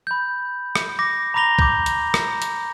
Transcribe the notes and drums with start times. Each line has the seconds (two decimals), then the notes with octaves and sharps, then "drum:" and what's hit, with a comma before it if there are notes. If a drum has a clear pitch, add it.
0.07 B5 G6
0.75 drum: rim click
0.99 D6 A#6
1.34 A#5 B5 D6 A#6 F7 G7
1.59 D6 G6, drum: kick B1
1.86 drum: hi-hat
2.14 drum: rim click
2.42 drum: hi-hat